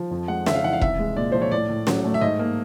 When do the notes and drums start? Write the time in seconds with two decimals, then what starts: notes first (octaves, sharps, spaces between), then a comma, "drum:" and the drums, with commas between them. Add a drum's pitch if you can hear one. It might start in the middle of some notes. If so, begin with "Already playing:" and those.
Already playing: F3
0.11 F2
0.28 G#3 F#5
0.46 C#3 E5, drum: snare
0.55 F5
0.64 E3 F#5
0.73 F5
0.81 C2 E5, drum: kick E1
0.99 G#3
1.17 A#2 D5
1.32 F3 C5
1.42 C#5
1.51 A2 D5
1.69 A2
1.87 F#3, drum: snare
2.04 A3
2.14 E5
2.21 G#2 D#5
2.39 A#3